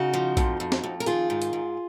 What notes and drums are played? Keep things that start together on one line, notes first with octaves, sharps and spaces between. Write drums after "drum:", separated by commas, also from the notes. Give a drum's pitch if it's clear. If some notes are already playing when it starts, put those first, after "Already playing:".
Already playing: C#3 D#4 F#4
F3
F2, drum: kick A#1, hi-hat
F2
drum: snare
F2
A#4
D#3 F4 G#4, drum: hi-hat
G#2
drum: hi-hat
G#2